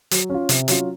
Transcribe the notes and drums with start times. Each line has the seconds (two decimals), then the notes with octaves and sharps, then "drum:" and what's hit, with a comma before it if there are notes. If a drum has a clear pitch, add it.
0.11 F#3, drum: hi-hat
0.30 C#4 F4
0.49 C3, drum: hi-hat
0.68 F#3 C#4 F4, drum: hi-hat